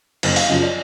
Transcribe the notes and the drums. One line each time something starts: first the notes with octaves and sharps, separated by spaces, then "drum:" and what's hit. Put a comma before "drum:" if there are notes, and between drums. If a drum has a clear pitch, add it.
F#1 C5, drum: cymbal
F5, drum: open hi-hat
F#2 C#3 F3 D#5
D5